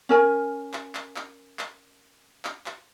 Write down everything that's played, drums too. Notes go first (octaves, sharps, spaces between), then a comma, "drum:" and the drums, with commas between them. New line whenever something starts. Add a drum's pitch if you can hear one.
C#4 A#4 G#5
drum: clap
drum: clap
drum: clap
drum: clap
drum: clap
drum: clap